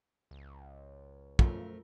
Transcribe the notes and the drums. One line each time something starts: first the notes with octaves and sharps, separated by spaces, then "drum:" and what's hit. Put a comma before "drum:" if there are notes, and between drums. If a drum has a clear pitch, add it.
C#2
F#2 F3 A3 F4 A#4, drum: kick